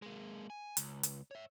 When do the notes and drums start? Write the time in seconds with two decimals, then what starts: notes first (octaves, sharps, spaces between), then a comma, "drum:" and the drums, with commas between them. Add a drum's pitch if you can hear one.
0.02 G#3 A#3
0.50 G#5
0.77 C#2, drum: hi-hat
1.03 drum: hi-hat
1.31 C#5 E5